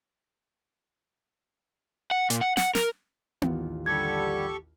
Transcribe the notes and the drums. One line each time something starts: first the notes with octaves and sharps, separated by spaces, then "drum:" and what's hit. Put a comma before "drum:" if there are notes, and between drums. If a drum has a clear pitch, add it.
F#5
A#2, drum: hi-hat
F#5
F#5, drum: snare
A#4, drum: snare
A1 D#2 F4, drum: tom B3
D3 G3 G4 A4 C#6 G#6